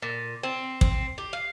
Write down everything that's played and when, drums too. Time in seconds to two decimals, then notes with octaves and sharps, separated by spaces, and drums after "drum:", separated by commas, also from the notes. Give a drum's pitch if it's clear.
0.02 A#2
0.43 C4
0.81 C4, drum: kick
1.18 G4
1.33 F5